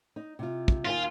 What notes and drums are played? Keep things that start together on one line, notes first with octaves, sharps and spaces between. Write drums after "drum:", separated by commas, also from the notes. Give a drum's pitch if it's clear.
D#4
C3 F4
drum: kick
D#2 D#4 F4 G#5